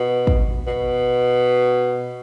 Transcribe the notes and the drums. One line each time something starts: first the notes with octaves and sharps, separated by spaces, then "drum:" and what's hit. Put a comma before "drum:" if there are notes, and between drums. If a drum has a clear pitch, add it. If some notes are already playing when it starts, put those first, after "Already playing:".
Already playing: B2
drum: kick
B2